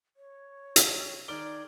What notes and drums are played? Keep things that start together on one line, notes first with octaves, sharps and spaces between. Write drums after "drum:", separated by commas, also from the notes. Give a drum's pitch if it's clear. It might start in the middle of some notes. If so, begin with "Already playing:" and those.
C#5
drum: hi-hat
D#3 G#4 D5 A#5 F6 G7